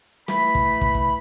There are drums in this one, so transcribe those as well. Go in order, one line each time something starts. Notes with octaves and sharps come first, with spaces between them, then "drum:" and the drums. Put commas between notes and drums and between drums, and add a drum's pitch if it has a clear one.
E3 A3 B5, drum: snare
drum: kick
drum: kick
drum: kick